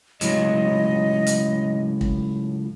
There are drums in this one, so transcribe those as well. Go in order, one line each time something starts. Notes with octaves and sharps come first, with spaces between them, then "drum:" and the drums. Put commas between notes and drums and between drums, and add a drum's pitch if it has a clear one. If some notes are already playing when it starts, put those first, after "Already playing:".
C#2 A2 F#3 D#5, drum: hi-hat
drum: hi-hat
drum: kick